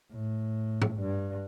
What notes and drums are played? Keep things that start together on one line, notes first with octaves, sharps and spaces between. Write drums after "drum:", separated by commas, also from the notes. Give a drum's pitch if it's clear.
A2
drum: tom
G2